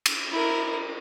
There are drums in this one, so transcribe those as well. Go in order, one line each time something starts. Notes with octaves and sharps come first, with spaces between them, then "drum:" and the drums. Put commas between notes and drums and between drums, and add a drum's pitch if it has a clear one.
drum: cymbal
E4 A#4